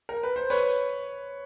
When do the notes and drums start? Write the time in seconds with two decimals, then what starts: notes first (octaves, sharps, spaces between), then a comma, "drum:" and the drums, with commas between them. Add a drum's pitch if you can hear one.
0.09 A#4
0.23 B4
0.36 C5
0.50 B4 C#5, drum: open hi-hat